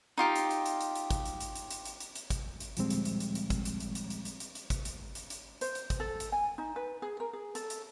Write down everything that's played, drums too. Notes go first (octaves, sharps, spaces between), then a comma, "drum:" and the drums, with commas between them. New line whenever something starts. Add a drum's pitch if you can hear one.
D#4 F4 G4
drum: hi-hat
drum: hi-hat
drum: hi-hat
drum: hi-hat
drum: hi-hat
drum: kick, hi-hat
drum: hi-hat
drum: hi-hat
drum: hi-hat
drum: hi-hat
drum: hi-hat
drum: hi-hat
drum: hi-hat
drum: kick, hi-hat
drum: hi-hat
D2 A#2 F3 G3 G#3 C4, drum: hi-hat
drum: hi-hat
drum: hi-hat
drum: hi-hat
drum: hi-hat
drum: kick, hi-hat
drum: hi-hat
drum: hi-hat
drum: hi-hat
drum: hi-hat
drum: hi-hat
drum: hi-hat
drum: hi-hat
drum: kick, hi-hat
drum: hi-hat
drum: hi-hat
drum: hi-hat
C5, drum: hi-hat
drum: hi-hat
drum: kick, hi-hat
A4
drum: hi-hat
G#5
D#4
B4
G#4
A#4
G#4
A4, drum: hi-hat
drum: hi-hat